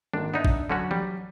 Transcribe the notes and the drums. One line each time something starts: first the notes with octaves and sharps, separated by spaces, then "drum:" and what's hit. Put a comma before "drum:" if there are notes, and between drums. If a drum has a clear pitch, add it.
G#1 A#3 D4
B3 D4 D#4 E5
drum: kick
D3 F#3 C#4 F#4
G3, drum: tom E3